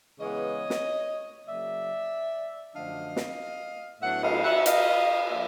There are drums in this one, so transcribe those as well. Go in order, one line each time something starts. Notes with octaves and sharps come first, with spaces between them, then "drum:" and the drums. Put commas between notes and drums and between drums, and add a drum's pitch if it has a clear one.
C#3 E3 G#3 B3 C#5 D#5
drum: snare
C#3 F#3 A#3 D5 E5
F#2 D3 F3 A3 D4 D#5 F5
drum: snare
A2 F#3 B3 D4 E5 F#5
D#5 F5, drum: cymbal
E5 F#5
D#5 F5, drum: hi-hat
F3 A#3 D4 D5 E5